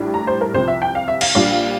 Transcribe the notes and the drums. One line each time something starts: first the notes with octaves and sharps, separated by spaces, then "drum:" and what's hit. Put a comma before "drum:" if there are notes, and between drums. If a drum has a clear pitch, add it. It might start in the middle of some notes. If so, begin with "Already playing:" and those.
Already playing: A#1 A2 G3 D4
A#5
C5
A#4
C2 C3 F3 C5
E5
G5
F5
E5
F5, drum: cymbal
A#1 A#2 G3 D4 F5